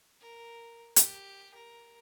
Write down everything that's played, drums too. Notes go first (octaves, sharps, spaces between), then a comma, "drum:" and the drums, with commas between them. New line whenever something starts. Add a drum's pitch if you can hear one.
A#4
G4, drum: hi-hat
A#4